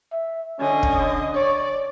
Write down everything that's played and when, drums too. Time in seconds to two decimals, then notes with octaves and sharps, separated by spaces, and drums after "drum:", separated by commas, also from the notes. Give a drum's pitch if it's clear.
0.12 E5
0.60 D3 C#4 D#5
0.83 drum: kick
1.36 C#5 D5